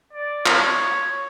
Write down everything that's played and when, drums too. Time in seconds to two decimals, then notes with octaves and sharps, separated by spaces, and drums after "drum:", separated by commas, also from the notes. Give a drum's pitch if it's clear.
0.13 D5
0.46 C#5, drum: clap